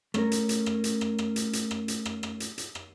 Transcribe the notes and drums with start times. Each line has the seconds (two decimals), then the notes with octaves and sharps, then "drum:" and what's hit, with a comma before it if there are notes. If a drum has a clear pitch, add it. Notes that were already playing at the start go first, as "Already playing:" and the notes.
0.14 A3 C#4 A#4, drum: rim click
0.32 drum: hi-hat
0.49 drum: hi-hat
0.66 drum: rim click
0.84 drum: hi-hat
1.01 drum: rim click
1.18 drum: rim click
1.36 drum: hi-hat
1.53 drum: hi-hat
1.71 drum: rim click
1.88 drum: hi-hat
2.05 drum: rim click
2.23 drum: rim click
2.40 drum: hi-hat
2.58 drum: hi-hat
2.75 drum: rim click